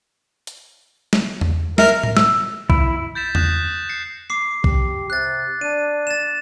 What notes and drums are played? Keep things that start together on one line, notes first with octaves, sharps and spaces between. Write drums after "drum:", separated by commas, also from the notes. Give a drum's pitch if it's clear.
drum: hi-hat
drum: snare
drum: tom E2
A#4 E5, drum: snare
drum: tom A2
E6, drum: snare
E4, drum: kick
G6 A6 B6 E7
D#6 F#6 A#6 E7, drum: tom E2
C7 C#7
D6 C7
G4, drum: kick
C3 F#6 A6
D4 D#7
A6 E7